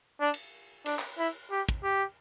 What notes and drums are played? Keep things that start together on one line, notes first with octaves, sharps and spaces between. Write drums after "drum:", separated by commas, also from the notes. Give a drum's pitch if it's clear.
D4
drum: cymbal
D4, drum: cymbal
drum: clap
E4
G4
drum: kick
G4